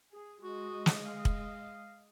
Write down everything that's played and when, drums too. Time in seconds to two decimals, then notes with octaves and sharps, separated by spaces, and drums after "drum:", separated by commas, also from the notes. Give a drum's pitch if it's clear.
0.12 G#4
0.43 G#3 F#4 D#5
0.86 drum: snare
1.06 F5
1.25 drum: kick